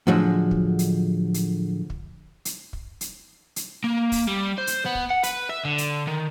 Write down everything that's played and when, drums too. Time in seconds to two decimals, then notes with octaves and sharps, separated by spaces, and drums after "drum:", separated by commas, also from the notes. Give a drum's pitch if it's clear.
0.07 A2 D3 F3 F#3 G#3
0.51 drum: kick
0.79 drum: hi-hat
1.34 drum: hi-hat
1.90 drum: kick
2.45 drum: hi-hat
2.73 drum: kick
3.01 drum: hi-hat
3.56 drum: hi-hat
3.84 A#3
4.12 drum: kick, open hi-hat
4.27 G3
4.58 C5
4.67 drum: hi-hat
4.86 B3
4.95 drum: kick
5.10 F#5
5.23 B4, drum: hi-hat
5.49 E5
5.65 D3
5.78 drum: hi-hat
6.07 D#3